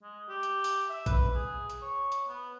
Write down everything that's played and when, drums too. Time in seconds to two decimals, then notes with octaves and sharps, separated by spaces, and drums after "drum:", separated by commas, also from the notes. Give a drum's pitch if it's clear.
0.03 G#3
0.29 G4
0.43 drum: hi-hat
0.64 drum: open hi-hat
0.89 E5
1.06 B4, drum: kick A#1, hi-hat
1.35 G#4
1.70 drum: hi-hat
1.82 C#5
2.12 drum: hi-hat
2.28 B3